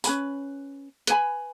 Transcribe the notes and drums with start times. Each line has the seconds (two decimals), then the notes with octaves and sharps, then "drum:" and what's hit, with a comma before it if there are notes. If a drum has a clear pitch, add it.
0.04 C#4 B4 G#5 B5, drum: tambourine
1.07 B4 G#5 B5, drum: hi-hat